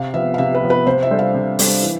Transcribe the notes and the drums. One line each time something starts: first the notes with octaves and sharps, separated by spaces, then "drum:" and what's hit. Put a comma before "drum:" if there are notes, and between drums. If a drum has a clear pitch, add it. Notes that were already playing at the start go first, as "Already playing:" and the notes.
Already playing: C3 F5
F3 B3 E5
F5
C3 E5
B4
F3 B3
B4
C3 C5
E5
G3 D4 A4 C5
F5
C3
G3 D4 A4 C5, drum: open hi-hat
E3